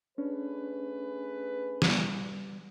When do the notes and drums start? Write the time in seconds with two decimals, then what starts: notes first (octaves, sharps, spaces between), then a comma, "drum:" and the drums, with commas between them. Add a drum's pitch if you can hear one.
0.18 A3 C#4 D4 G#4 B4
1.82 G3, drum: snare